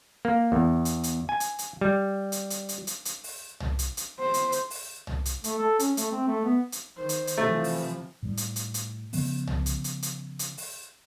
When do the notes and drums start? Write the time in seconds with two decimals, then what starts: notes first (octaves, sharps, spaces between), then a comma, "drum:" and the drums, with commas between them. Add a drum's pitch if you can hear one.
0.25 A#3
0.52 E2
0.85 drum: hi-hat
1.03 drum: hi-hat
1.29 G#5
1.40 drum: hi-hat
1.59 drum: hi-hat
1.81 G3
2.32 drum: hi-hat
2.50 drum: hi-hat
2.69 drum: hi-hat
2.87 drum: hi-hat
3.05 drum: hi-hat
3.24 drum: open hi-hat
3.60 drum: tom
3.79 drum: hi-hat
3.97 drum: hi-hat
4.20 C5
4.34 drum: hi-hat
4.52 drum: hi-hat
4.70 drum: open hi-hat
5.07 drum: tom
5.25 drum: hi-hat
5.44 A3, drum: hi-hat
5.58 A4
5.79 C#4, drum: hi-hat
5.97 A3, drum: hi-hat
6.12 C4
6.27 A3
6.45 B3
6.72 drum: hi-hat
6.96 D#3 C5
7.09 drum: hi-hat
7.27 drum: hi-hat
7.37 C3 E3 F3 A3
7.64 drum: open hi-hat
8.23 A2 G3
8.37 drum: hi-hat
8.56 drum: hi-hat
8.74 drum: hi-hat
9.13 C#3 F3 B3, drum: open hi-hat
9.47 drum: tom
9.66 drum: hi-hat
9.84 drum: hi-hat
10.02 drum: hi-hat
10.39 drum: hi-hat
10.58 drum: open hi-hat